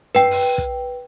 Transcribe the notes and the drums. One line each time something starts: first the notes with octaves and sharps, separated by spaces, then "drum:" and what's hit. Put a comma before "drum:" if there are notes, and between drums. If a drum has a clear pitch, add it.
B4 G5, drum: tom
drum: open hi-hat
drum: kick